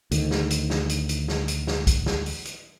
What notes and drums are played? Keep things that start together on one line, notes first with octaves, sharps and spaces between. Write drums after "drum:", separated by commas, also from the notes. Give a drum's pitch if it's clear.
D2 D#3, drum: hi-hat
drum: snare
drum: hi-hat
drum: snare
drum: hi-hat
drum: hi-hat
drum: snare
drum: hi-hat
drum: snare
drum: kick B1, hi-hat
drum: snare
drum: open hi-hat
drum: hi-hat